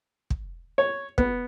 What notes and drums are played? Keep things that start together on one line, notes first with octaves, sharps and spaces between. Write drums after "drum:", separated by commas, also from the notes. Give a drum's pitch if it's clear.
drum: kick
C#5
B3, drum: kick